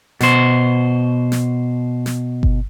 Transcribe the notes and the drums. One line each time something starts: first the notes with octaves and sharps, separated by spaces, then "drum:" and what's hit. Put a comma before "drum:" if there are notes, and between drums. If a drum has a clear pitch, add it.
B2 C5, drum: snare
drum: snare
drum: snare
drum: kick G1